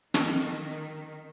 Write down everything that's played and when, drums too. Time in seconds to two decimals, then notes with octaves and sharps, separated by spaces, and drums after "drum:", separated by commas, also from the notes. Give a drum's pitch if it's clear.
0.14 D#3, drum: snare